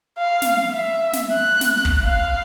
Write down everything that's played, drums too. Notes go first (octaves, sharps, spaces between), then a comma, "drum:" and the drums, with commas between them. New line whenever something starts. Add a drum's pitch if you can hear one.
F5
drum: snare
E5
drum: snare
F#6
drum: snare
drum: kick
F5